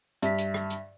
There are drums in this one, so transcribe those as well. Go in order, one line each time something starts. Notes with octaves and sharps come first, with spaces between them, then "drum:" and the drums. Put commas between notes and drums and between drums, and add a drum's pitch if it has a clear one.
G2 E5 B6, drum: hi-hat
drum: hi-hat
drum: rim click
drum: hi-hat